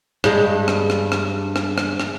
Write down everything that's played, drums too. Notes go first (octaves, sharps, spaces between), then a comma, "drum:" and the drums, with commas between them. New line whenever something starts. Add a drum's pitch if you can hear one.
G2 G#3, drum: rim click
drum: rim click
drum: rim click
drum: rim click
drum: rim click
drum: rim click
drum: rim click